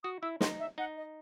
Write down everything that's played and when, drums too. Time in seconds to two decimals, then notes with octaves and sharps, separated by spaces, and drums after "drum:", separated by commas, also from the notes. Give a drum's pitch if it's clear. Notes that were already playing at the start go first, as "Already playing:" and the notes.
0.03 F#4 D#6
0.22 E4 E6
0.41 D#4 C6, drum: snare
0.59 E5
0.78 D#4 F#5
0.97 D#5